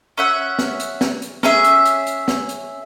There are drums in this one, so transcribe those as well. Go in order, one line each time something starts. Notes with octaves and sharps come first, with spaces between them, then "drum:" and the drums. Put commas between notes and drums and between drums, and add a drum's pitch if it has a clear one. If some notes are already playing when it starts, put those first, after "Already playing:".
C#4 E5 F#5
drum: snare
drum: hi-hat
drum: snare
drum: hi-hat
C#4 G#4 E5, drum: snare
drum: hi-hat
drum: hi-hat
drum: hi-hat
drum: snare
drum: hi-hat